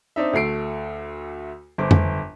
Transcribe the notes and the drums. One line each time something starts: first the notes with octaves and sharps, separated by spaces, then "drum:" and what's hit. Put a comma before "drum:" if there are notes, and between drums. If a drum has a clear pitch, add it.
C4 D4 D#4 E5
D2 A3 C7 D7
G1 C5 D6
drum: tom F2